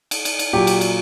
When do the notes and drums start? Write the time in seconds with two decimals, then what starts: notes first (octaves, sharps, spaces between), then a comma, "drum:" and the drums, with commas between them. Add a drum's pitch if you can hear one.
0.11 drum: cymbal
0.25 drum: cymbal
0.39 drum: cymbal
0.53 A#2 F#3 G4
0.67 drum: cymbal
0.81 drum: cymbal